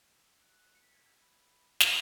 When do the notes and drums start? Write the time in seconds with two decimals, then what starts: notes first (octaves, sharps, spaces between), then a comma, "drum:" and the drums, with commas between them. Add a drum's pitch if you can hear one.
0.15 E6
0.41 F#6
0.74 C#7
0.82 B6
0.94 G#6
1.07 E6
1.21 B5
1.80 drum: snare